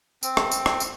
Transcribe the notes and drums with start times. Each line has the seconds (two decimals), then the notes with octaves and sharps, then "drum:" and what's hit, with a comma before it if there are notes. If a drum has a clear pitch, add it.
0.23 C4, drum: tambourine
0.37 drum: rim click
0.51 drum: tambourine
0.66 drum: rim click
0.80 drum: tambourine